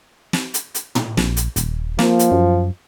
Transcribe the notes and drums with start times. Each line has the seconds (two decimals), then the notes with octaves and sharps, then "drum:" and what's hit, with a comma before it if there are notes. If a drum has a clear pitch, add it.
0.33 drum: snare
0.54 drum: hi-hat
0.75 drum: hi-hat
0.95 drum: tom
1.17 A#1, drum: snare
1.37 drum: hi-hat
1.56 D#1, drum: hi-hat
1.99 F3 A#3, drum: snare
2.19 drum: hi-hat
2.32 F#2